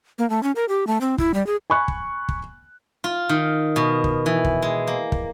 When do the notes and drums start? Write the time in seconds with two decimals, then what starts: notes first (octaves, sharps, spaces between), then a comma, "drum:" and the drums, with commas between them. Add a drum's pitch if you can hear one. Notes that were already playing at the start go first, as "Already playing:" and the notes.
0.19 A#3
0.30 A3
0.43 C#4
0.56 A#4
0.69 G4
0.87 A3
1.01 C4
1.18 E4, drum: kick
1.34 G3
1.47 G#4
1.70 G#5 B5 C#6 F#6
1.88 drum: kick
2.29 drum: kick
3.04 F4
3.29 D#3
3.76 B2
4.04 drum: kick
4.26 E3
4.45 drum: kick
4.62 G#3
4.87 A#3
5.12 drum: kick